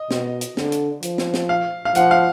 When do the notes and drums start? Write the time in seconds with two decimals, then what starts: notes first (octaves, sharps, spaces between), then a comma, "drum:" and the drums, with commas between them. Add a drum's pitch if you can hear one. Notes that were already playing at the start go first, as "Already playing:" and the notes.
Already playing: D#5
0.11 B2, drum: snare
0.41 drum: hi-hat
0.57 D3, drum: snare
0.72 drum: hi-hat
1.03 F3, drum: hi-hat
1.18 drum: snare
1.34 drum: snare
1.49 F5
1.85 F5
1.95 F3 F#5, drum: hi-hat
2.11 F5